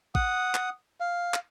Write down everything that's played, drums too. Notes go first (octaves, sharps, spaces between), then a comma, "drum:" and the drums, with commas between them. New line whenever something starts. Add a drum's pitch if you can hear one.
F#5 D#6, drum: kick
drum: clap
F5
drum: clap